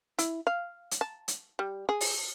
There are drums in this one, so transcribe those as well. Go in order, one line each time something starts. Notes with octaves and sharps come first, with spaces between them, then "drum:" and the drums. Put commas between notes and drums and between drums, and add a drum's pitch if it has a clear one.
E4, drum: hi-hat
F5
drum: hi-hat
A5
drum: hi-hat
G3
G#4
drum: open hi-hat